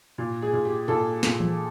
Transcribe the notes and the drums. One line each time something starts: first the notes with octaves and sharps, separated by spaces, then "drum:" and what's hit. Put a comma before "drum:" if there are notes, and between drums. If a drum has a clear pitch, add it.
A#2
G#4
A#2
G4
A#2 A4
A#2, drum: snare
drum: tom E3